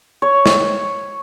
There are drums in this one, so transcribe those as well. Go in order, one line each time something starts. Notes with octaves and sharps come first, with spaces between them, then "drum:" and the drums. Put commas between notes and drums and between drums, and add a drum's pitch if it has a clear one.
C#5
drum: snare